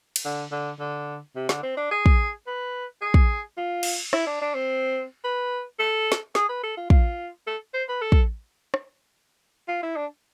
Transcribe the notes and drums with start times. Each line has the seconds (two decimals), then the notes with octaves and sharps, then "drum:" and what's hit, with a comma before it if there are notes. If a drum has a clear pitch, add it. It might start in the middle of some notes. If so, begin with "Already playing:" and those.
0.16 drum: cymbal
0.25 D3
0.52 D3
0.79 D3
1.35 C3
1.49 D3, drum: snare
1.63 C4
1.77 D4
1.91 G#4
2.06 drum: kick
2.47 B4
3.01 G#4
3.14 drum: kick
3.57 F4
3.83 drum: cymbal
4.13 E4, drum: rim click
4.27 D4
4.41 D4
4.55 C4
5.24 B4
5.79 A4
6.12 drum: snare
6.35 G#4, drum: snare
6.49 B4
6.63 A4
6.77 F4
6.90 F4, drum: kick
7.47 A4
7.74 C5
7.88 B4
8.01 A4
8.12 drum: kick
8.74 drum: rim click
9.68 F4
9.83 E4
9.96 D4